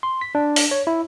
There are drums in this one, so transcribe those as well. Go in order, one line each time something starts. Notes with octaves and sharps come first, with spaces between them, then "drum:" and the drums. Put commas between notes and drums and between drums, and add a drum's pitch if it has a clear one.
C6
B6
D4
drum: open hi-hat
C#5
E4